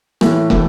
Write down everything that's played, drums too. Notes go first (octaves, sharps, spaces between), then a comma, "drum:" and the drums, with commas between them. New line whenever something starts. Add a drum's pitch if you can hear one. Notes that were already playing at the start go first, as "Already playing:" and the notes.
A2 E3 A3 E4, drum: rim click
A2 E3 A3, drum: kick